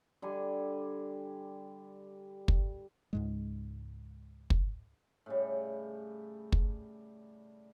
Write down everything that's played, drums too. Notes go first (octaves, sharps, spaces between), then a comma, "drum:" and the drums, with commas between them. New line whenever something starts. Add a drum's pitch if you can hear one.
D3 G3 G#5
drum: kick
C#2 G#2 G#3
drum: kick
A2 C#3 G3
drum: kick